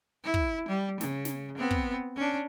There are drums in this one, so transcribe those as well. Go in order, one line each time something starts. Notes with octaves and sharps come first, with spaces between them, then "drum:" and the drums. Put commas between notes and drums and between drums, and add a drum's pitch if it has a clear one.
E4
drum: kick
G3
C#3, drum: snare
drum: snare
B3 C4
drum: kick
C#4 D4